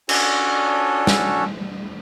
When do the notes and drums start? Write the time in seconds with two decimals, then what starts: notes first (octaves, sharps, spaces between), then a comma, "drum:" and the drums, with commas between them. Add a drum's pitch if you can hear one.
0.09 C#4 D4 F#4 A4 C#5, drum: cymbal
1.07 drum: snare